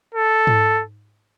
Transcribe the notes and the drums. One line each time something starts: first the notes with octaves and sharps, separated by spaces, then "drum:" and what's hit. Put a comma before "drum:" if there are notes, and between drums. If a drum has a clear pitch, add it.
A4
drum: tom G#2